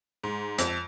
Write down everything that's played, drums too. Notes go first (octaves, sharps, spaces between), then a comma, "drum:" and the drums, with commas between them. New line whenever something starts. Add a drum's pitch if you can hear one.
G#2
F2, drum: hi-hat